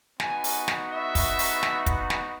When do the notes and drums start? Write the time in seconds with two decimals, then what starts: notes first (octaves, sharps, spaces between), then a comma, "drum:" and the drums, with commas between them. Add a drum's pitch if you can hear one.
0.20 B3 D#4 F#4 G#5, drum: snare
0.44 drum: open hi-hat
0.68 drum: snare
0.92 E5
1.15 drum: kick, open hi-hat
1.39 drum: open hi-hat
1.63 drum: snare
1.86 drum: kick, hi-hat
2.10 drum: snare